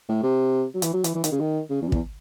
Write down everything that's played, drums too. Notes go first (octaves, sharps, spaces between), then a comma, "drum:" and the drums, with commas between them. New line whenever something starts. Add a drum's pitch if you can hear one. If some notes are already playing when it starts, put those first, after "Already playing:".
A2
C3
F#3
E3, drum: hi-hat
F#3
E3, drum: hi-hat
E3
D#3, drum: hi-hat
C#3
D#3
C#3
E2
F#2
E2, drum: kick